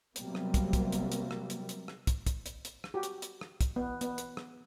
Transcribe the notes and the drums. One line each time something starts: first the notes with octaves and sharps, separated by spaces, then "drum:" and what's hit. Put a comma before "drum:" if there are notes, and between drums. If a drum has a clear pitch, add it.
C3 F#3 G3 A#3 B3, drum: hi-hat
drum: rim click
drum: kick, hi-hat
drum: kick, hi-hat
drum: hi-hat
drum: hi-hat
drum: rim click
drum: hi-hat
drum: hi-hat
drum: rim click
drum: kick, hi-hat
drum: kick, hi-hat
drum: hi-hat
drum: hi-hat
drum: rim click
F#4 G4
drum: hi-hat
drum: hi-hat
drum: rim click
drum: kick, hi-hat
B3
B3, drum: hi-hat
drum: hi-hat
drum: rim click